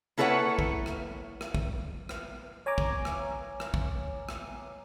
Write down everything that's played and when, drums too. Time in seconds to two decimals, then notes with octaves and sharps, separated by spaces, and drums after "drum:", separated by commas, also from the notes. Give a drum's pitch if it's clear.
0.17 A#3 E4 A4 B4 C#5 F#5
0.59 drum: kick
0.86 drum: rim click
1.41 drum: rim click
1.55 drum: kick
2.09 drum: rim click
2.66 C#5 G#5 A#5 D6
2.78 drum: kick
3.05 drum: rim click
3.60 drum: rim click
3.74 drum: kick
4.29 drum: rim click